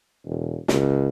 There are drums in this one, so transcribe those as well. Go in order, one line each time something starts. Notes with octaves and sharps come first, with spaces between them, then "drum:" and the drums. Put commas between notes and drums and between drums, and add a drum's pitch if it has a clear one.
E1
C#2, drum: snare